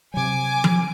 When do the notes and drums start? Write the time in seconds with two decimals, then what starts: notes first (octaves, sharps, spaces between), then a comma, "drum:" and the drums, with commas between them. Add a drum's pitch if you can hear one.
0.14 C3 F#3 G#5 D6
0.64 drum: tom F3